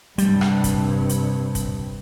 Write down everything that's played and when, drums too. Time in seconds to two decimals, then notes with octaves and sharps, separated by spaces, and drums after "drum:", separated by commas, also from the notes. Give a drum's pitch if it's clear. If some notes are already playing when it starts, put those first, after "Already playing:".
0.18 G2 C3 G3, drum: hi-hat
0.41 drum: rim click
0.64 drum: kick, hi-hat
1.09 drum: hi-hat
1.55 drum: kick, hi-hat